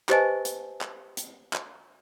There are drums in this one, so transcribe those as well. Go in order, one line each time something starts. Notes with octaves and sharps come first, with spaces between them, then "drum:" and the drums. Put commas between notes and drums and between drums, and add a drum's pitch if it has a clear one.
G4 B4 C5 D#5 G#5 A5, drum: clap
drum: hi-hat
drum: clap
drum: hi-hat
drum: clap